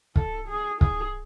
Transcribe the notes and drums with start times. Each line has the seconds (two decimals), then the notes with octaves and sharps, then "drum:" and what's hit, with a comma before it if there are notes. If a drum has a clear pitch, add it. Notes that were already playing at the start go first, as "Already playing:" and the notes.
0.16 A4, drum: kick
0.48 G#4
0.81 G#4, drum: kick